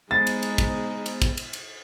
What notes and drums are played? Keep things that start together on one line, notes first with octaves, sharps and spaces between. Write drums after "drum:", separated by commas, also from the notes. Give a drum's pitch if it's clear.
G#3 B3 D#4 C5 A6
drum: cymbal
drum: cymbal
drum: kick, cymbal
drum: cymbal
drum: kick, cymbal
drum: cymbal
drum: cymbal